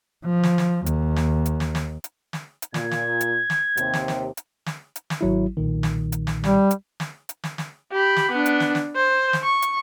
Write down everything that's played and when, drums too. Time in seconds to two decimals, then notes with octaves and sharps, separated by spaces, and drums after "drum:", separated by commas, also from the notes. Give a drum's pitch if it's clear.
0.25 F3
0.43 drum: snare
0.58 drum: snare
0.86 D#2, drum: hi-hat
1.16 drum: snare
1.46 drum: hi-hat
1.60 drum: snare
1.75 drum: snare
2.04 drum: hi-hat
2.33 drum: snare
2.62 drum: hi-hat
2.74 A#2 G#6, drum: snare
2.91 drum: snare
3.21 drum: hi-hat
3.50 drum: snare
3.77 D#2 C3, drum: hi-hat
3.93 drum: snare
4.08 drum: snare
4.37 drum: hi-hat
4.66 drum: snare
4.96 drum: hi-hat
5.10 drum: snare
5.21 G#1 F#3 E4
5.57 B1 A#2 D#3
5.83 drum: snare
6.12 drum: hi-hat
6.27 drum: snare
6.44 G3, drum: snare
6.71 drum: hi-hat
7.00 drum: snare
7.29 drum: hi-hat
7.44 drum: snare
7.58 drum: snare
7.92 G4 B5
8.16 drum: snare
8.31 B3 D4
8.46 drum: hi-hat
8.60 drum: snare
8.75 drum: snare
8.96 C5
9.33 drum: snare
9.44 C#6
9.62 drum: hi-hat